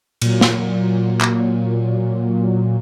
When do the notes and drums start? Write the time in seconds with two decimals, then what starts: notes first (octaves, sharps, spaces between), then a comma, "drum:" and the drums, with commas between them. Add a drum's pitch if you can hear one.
0.22 A#2 F#3, drum: cymbal
0.41 drum: snare
1.21 drum: clap